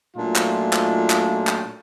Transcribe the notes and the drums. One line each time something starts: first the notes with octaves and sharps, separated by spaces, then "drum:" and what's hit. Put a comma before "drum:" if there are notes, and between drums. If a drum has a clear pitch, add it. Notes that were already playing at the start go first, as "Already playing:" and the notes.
A#2 F#3 A3 D4 D#4 F4
drum: clap
drum: clap
drum: clap
drum: clap